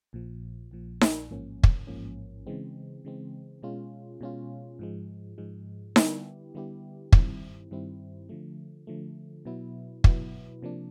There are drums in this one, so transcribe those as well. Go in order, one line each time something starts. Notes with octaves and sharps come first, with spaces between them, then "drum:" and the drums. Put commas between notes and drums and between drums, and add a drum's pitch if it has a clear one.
A#1 A#2 F3
A#1 A#2 F3
drum: snare D#4
A1 G#2 F3 A#3 C#4
drum: kick
A1 G#2 F3 A#3 C#4
C#3 E3 G#3 C4
C#3 E3 G#3 C4
B2 G#3 C#4 F4
B2 G#3 C#4 F4
G#2 F3 G#3
G#2 F3 G#3
D3 G3 B3 E4 G4, drum: snare D#4
D3 G3 B3 E4 G4
G2 D#3 G3 C4 E4, drum: kick
G2 D#3 G3 C4 E4
D3 F3 A3
D3 F3 A3
B2 F#3 B3 E4
B2 F#3 B3 E4, drum: kick
C3 F3 A#3 D4